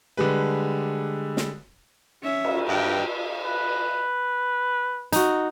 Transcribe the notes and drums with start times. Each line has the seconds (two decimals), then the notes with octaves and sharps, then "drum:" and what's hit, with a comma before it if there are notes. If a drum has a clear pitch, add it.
0.17 D3 G3 G#3 B4
1.37 drum: snare
2.23 C#4 E5
2.45 drum: cymbal
2.69 G2 A#4 G5
3.44 B4
5.12 D#4 F#4, drum: hi-hat